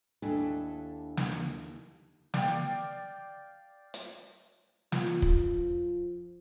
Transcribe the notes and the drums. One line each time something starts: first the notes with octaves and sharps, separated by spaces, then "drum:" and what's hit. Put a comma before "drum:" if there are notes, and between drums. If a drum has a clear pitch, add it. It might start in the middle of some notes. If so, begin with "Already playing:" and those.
D#2 D4 E4 A4 G#5
drum: snare
D5 F5 G5, drum: snare
drum: hi-hat
F3, drum: snare
drum: kick